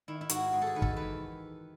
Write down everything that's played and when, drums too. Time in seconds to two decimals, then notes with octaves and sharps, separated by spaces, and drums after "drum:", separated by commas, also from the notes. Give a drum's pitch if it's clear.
0.08 D#3 E4
0.21 E4
0.29 G#2 F#4, drum: hi-hat
0.52 G#2 G#4
0.62 A4
0.67 G#4
0.75 D#3 B4
0.82 A4, drum: kick
0.97 E3 B4